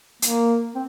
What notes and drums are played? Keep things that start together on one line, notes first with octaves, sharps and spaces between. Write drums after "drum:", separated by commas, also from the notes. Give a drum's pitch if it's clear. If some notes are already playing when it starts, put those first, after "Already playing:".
A#3, drum: hi-hat
C4